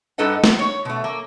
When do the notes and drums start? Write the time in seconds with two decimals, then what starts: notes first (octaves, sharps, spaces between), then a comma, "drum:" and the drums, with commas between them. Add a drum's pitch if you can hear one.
0.18 G2 D#4 A4 B4 D#5 F#5
0.44 D#4, drum: snare
0.59 C#5
0.85 B2 A3
1.04 A#3